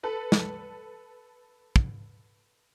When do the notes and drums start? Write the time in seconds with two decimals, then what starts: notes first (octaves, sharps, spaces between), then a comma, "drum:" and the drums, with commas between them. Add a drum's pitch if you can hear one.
0.03 A4 B4 A5
0.32 drum: snare
1.76 drum: kick